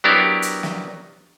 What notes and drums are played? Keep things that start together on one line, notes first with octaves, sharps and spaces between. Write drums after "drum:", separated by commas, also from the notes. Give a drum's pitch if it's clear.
F#3 B3 D4 E4 G4 A#4
drum: hi-hat
drum: snare